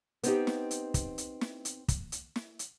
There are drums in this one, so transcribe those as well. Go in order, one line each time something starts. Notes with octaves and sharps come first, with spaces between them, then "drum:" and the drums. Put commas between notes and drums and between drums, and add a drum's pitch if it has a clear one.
B3 C4 D#4 G4, drum: hi-hat
drum: snare
drum: hi-hat
drum: kick, hi-hat
drum: hi-hat
drum: snare
drum: hi-hat
drum: kick, hi-hat
drum: hi-hat
drum: snare
drum: hi-hat